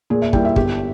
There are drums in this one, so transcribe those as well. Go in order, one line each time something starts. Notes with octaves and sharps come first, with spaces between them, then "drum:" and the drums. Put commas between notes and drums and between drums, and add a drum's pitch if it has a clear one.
A#2 G#4
E5
G3 A#3 E4 G5, drum: kick
E5
G1 G4, drum: kick